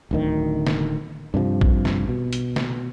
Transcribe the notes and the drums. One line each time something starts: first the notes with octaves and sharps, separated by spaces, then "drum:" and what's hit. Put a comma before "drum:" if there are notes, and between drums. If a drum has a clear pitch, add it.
D1 D2 D#3
drum: snare
G2 C3 E3 F3
drum: kick
drum: snare
B2
drum: hi-hat
drum: snare